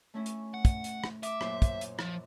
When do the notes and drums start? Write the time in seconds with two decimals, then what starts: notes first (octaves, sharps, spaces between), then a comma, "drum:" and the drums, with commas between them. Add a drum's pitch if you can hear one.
0.14 A3 C#4 E4
0.26 drum: hi-hat
0.54 F#5
0.65 drum: kick, hi-hat
0.84 drum: hi-hat
1.04 drum: rim click
1.23 E5 D6, drum: hi-hat
1.41 F#2 A#2 C5, drum: rim click
1.62 drum: kick, hi-hat
1.81 drum: hi-hat
1.99 F3, drum: rim click